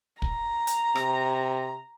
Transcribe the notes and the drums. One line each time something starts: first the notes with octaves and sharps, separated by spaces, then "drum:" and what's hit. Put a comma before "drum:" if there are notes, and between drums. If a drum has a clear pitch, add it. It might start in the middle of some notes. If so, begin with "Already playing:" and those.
A#5, drum: kick
drum: hi-hat
C3, drum: rim click